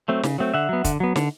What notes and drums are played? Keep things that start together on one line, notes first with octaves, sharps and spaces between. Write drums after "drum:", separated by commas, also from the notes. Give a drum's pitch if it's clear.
F#3 A3 C4
C#3, drum: snare
F#3 A3 C4
D3 E5 F#5
F#3 B3
D3, drum: kick, hi-hat
F#3 B3
D3, drum: snare